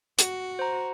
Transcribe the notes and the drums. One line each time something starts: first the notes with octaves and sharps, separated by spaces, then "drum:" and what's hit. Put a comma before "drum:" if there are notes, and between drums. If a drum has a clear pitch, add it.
F#4, drum: hi-hat
C5 A#5